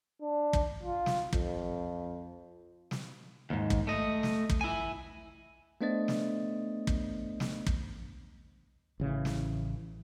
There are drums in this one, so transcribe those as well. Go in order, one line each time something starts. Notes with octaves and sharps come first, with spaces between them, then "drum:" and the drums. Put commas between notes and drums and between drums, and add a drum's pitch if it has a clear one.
D4
drum: kick
F4
drum: snare
F2, drum: kick
drum: snare
D#2 G#2
drum: kick
A3 D#5
drum: snare
drum: kick
E4 G#5
A3 B3 D4 C5 D#5 A6
drum: snare
drum: kick
drum: snare
drum: kick
A1 C#3 E3
drum: snare